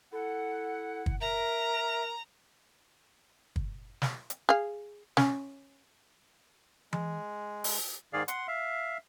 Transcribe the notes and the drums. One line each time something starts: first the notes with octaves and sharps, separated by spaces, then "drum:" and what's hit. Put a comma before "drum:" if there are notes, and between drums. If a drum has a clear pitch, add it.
E4 A4 F#5
drum: kick
A#4 E5 A#5
drum: kick
drum: snare
drum: hi-hat
G#4 F5
C#4, drum: snare
G#3, drum: tom E3
drum: open hi-hat
G#2 D#3 G#4 D5 F5
F#5 C6, drum: hi-hat
E5 F5